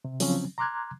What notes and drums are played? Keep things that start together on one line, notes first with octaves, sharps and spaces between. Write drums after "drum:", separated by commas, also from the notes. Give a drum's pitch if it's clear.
C3
C#3 F3 F#3 C4 C#4, drum: open hi-hat
A#5 C6 D6 F6 F#6 G#6